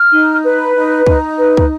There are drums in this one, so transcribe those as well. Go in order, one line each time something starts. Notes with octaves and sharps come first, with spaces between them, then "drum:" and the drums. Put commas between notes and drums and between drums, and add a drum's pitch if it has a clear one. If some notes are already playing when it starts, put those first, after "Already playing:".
Already playing: F6
D#4
B4
D#4
D#4, drum: kick
B4
drum: kick